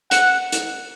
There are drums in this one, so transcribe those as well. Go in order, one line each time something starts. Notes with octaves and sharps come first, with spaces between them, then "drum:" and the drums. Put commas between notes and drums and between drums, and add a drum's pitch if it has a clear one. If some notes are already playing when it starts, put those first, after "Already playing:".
F#5, drum: hi-hat
drum: hi-hat